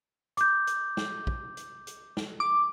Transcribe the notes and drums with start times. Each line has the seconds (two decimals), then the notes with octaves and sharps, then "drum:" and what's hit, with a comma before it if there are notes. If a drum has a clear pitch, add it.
0.37 D6 G6, drum: hi-hat
0.67 drum: hi-hat
0.97 drum: snare
1.27 drum: kick
1.57 drum: hi-hat
1.87 drum: hi-hat
2.17 drum: snare
2.40 D6